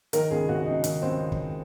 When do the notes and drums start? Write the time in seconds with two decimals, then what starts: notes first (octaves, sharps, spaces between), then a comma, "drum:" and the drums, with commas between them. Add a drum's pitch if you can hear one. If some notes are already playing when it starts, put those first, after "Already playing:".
0.13 D#3 A#4, drum: hi-hat
0.31 C#2 G#4
0.48 C3 F#4
0.66 C#2 D#4
0.84 D#3, drum: hi-hat
1.02 C#2 C4
1.32 drum: kick